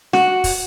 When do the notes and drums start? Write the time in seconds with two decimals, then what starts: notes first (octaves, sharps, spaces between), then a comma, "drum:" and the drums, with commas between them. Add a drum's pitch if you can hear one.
0.13 F#4, drum: snare
0.44 drum: kick, open hi-hat